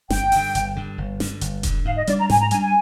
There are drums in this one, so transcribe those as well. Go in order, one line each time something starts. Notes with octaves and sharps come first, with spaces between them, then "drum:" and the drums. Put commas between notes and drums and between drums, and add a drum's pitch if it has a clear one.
G1 G5, drum: snare
G2 D3, drum: open hi-hat
G1, drum: hi-hat
G2 D3
G1
G2 D3, drum: snare
G1, drum: hi-hat
G2 D3, drum: kick E1, hi-hat
G#2 F5
D#5
G3 D4 D5, drum: hi-hat
A#5
G#2 G#5, drum: snare
A#5
G3 D4 G#5, drum: hi-hat
G#5